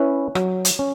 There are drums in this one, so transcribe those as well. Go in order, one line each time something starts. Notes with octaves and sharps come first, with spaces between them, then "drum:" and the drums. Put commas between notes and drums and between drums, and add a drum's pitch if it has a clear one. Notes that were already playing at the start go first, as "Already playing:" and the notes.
Already playing: C#4 E4 B4
F#3, drum: rim click
drum: hi-hat
C#4